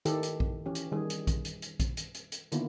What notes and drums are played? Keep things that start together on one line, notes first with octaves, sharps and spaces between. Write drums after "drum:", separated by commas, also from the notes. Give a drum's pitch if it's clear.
D#3 E4 G4 A4, drum: hi-hat
drum: hi-hat
drum: kick A#1
E3 C#4 G4
drum: hi-hat
D#3 G3 G#4
drum: hi-hat
drum: kick A#1, hi-hat
drum: hi-hat
drum: hi-hat
drum: kick A#1, hi-hat
drum: hi-hat
drum: hi-hat
drum: hi-hat
D3 D#3 A#3 B3 E4 F4, drum: hi-hat